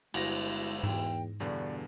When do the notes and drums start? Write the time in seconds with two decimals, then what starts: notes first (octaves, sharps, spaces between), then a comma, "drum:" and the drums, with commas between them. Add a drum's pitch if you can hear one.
0.14 G1 G#3 E4 A#6, drum: cymbal
0.84 E2 G#2 G5
1.40 E2 G2 B2 D3 D5